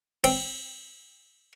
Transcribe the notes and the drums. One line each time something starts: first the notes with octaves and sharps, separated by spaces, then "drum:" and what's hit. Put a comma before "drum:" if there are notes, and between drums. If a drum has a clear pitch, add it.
C4, drum: cymbal